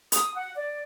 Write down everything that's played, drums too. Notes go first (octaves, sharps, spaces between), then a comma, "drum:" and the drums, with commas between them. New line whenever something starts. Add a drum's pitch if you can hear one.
D#6, drum: hi-hat
F#5
D5